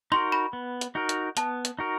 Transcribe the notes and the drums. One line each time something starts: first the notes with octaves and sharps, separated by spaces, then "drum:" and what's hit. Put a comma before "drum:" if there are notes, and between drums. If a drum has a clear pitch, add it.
D#4 F#4 A#4 C6
B5
B3
drum: hi-hat
D#4 F#4 A#4
drum: hi-hat
B3 A5, drum: hi-hat
drum: hi-hat
D#4 F#4 A#4